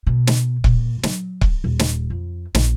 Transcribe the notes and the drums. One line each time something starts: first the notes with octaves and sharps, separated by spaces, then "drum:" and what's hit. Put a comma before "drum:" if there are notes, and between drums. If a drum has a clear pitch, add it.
B2
drum: snare
A#2, drum: kick C#1
F#3, drum: snare
drum: kick C#1
D#1
drum: snare
F2
A#1, drum: snare